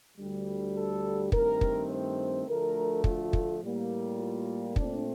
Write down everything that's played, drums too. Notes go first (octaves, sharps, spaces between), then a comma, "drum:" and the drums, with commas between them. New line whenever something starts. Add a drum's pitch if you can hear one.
D2 D3 G3
A4
G2 D#3 A3 C4 A#4, drum: kick
drum: kick
C5
D2 D3 F3 A3 A#4
F4, drum: kick
drum: kick
A2 G3 A#3
F4
A#2 A3 C4 D4, drum: kick